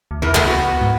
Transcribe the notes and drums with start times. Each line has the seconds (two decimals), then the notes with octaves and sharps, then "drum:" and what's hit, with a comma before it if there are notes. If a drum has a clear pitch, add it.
0.11 D2
0.22 E2 E3 A#4 A5
0.35 C#2 A3 B3, drum: clap
0.48 B3 F#4
0.81 G#2